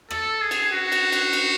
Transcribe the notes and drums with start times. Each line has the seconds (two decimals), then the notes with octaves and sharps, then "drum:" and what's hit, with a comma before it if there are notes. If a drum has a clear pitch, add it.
0.10 A4, drum: rim click
0.41 G#4
0.51 drum: cymbal
0.72 F#4
0.92 drum: cymbal
1.12 drum: cymbal
1.33 drum: cymbal